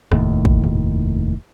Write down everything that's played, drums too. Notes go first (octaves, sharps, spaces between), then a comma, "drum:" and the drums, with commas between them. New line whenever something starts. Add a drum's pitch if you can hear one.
F1 D#2 A2, drum: rim click
drum: kick
drum: tom